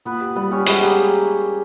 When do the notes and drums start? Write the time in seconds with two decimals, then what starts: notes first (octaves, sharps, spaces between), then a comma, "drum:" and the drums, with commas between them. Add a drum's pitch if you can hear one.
0.05 A#2 B3 B4
0.21 G4
0.36 G3 B3 B4
0.51 C#4 G4 C#5
0.67 G#3 B3 B4, drum: open hi-hat
0.82 A#3 G4 A#4